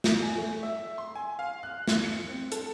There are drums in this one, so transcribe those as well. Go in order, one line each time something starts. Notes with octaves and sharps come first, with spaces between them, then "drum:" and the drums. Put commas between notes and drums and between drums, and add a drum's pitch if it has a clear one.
drum: snare
G#5
A3
E5
C6
G#5
F5
F#6
drum: snare
C#7
C4
A4, drum: hi-hat